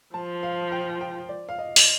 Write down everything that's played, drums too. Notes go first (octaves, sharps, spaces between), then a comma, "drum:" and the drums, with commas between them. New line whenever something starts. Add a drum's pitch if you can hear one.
F3 A5
F5
G5
G5
D5
F5
D#5
drum: open hi-hat